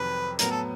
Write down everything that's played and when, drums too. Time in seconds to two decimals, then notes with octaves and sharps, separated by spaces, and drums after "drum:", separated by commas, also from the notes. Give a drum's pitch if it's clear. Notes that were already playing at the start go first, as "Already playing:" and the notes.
Already playing: F2 C3 D#3 F#3 B4
0.39 A2 F#3 B3 A#4, drum: hi-hat
0.51 A4